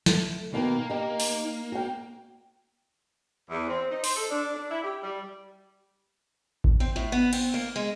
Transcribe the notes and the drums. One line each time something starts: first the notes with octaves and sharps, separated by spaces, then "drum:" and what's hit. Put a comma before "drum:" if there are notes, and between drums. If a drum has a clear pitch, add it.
A3, drum: snare
B2 D#3 A#3 G5
D#4 G4
drum: open hi-hat
F#4 G5
E2
C4
D#4
C5, drum: open hi-hat
A4
D4
D4
E4
G4
G3
drum: kick A1
C4
A2
B3
C4, drum: cymbal
A#3
G#3